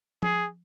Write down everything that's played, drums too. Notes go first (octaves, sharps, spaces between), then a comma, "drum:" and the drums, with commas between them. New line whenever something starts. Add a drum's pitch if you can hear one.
G#4, drum: tom F3